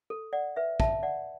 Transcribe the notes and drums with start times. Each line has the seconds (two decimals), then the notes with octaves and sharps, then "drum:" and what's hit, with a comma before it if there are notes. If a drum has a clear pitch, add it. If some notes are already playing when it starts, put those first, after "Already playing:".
0.10 A4
0.33 D5 F#5
0.56 B4 E5
0.80 E5 A5, drum: kick
1.03 D5 F#5